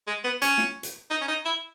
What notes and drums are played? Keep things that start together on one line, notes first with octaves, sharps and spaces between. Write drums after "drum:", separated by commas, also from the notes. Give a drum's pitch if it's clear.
G#3
B3
C#4, drum: hi-hat
drum: snare
drum: hi-hat
D#4
C#4
D#4
E4